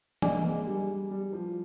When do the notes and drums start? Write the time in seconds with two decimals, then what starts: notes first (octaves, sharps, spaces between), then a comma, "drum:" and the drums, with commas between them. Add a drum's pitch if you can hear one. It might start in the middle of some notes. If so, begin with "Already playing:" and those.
0.22 G#3 D4 G#4 D5 G#5, drum: tom E3
0.35 A#3
0.48 G#3
0.59 G#3
0.67 G3
1.11 G3
1.33 F3